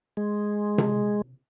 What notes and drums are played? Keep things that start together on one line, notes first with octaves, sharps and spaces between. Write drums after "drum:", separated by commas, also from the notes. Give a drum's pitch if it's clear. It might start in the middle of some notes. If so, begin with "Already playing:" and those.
G#3
drum: tom C3